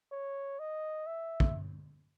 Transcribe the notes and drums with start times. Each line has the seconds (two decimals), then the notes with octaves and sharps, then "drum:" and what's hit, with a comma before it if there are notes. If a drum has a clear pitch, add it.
0.12 C#5
0.59 D#5
1.07 E5
1.40 drum: kick